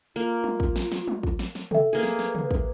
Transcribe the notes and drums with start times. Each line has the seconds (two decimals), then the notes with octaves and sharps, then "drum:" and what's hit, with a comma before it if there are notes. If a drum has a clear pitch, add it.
0.16 A#3 F4
0.44 drum: tom
0.60 drum: kick
0.76 drum: snare
0.92 drum: snare
1.07 drum: tom
1.23 drum: kick
1.39 drum: snare
1.55 drum: snare
1.71 A4 E5 G5, drum: tom
1.93 A#3 G#4 B4
2.03 drum: snare
2.19 drum: snare
2.35 drum: tom
2.51 drum: kick